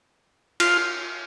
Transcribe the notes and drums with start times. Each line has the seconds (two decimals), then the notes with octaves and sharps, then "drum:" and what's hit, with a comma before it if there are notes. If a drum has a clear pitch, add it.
0.60 F4, drum: cymbal